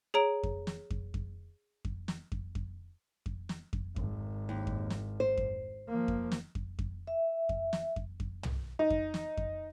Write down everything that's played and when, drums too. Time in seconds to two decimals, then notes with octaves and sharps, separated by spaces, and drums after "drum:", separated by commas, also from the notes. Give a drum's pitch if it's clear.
0.14 G#4 C#5 A#5 D7
0.43 drum: kick F2
0.67 drum: snare
0.90 drum: kick F2
1.14 drum: kick F2
1.85 drum: kick F2
2.08 drum: snare
2.32 drum: kick F2
2.55 drum: kick F2
3.26 drum: kick F2
3.49 drum: snare
3.73 drum: kick F2
3.96 G#1, drum: kick F2
4.49 D#2
4.67 drum: kick F2
4.90 drum: snare
5.20 C5
5.37 drum: kick F2
5.88 F3 A#3
6.08 drum: kick F2
6.32 drum: snare
6.55 drum: kick F2
6.79 drum: kick F2
7.07 E5
7.49 drum: kick F2
7.73 drum: snare
7.96 drum: kick F2
8.20 drum: kick F2
8.43 drum: tom
8.79 D#4
8.90 drum: kick F2
9.14 drum: snare
9.37 drum: kick F2